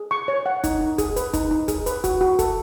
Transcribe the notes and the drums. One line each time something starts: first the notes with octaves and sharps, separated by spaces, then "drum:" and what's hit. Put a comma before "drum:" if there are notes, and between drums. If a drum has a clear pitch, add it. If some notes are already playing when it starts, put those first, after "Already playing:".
Already playing: G#4
C#6
C#5
F#5
D#4, drum: kick, hi-hat
D#4
G#4, drum: kick, hi-hat
B4, drum: hi-hat
D#4, drum: kick, hi-hat
D#4
G#4, drum: kick, hi-hat
B4, drum: hi-hat
F#4, drum: kick, hi-hat
F#4
A4, drum: kick, hi-hat